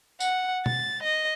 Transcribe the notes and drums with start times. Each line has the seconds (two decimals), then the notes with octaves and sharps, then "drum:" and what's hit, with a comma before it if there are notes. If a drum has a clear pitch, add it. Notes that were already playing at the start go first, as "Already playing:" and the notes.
0.20 F#5, drum: tambourine
0.66 A6, drum: tom
1.03 D#5